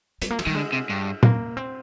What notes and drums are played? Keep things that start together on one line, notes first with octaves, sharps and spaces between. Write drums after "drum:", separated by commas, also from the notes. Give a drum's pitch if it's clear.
G3, drum: hi-hat
A#3
F3, drum: cymbal
D#3 G3
D3 G#3
C3
G2
A#3, drum: tom A#2
C4